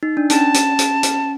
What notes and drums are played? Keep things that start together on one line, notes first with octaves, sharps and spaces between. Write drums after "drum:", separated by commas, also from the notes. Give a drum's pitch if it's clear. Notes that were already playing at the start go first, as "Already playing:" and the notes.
D#4
D4
C#4 A5, drum: hi-hat
drum: hi-hat
drum: hi-hat
drum: hi-hat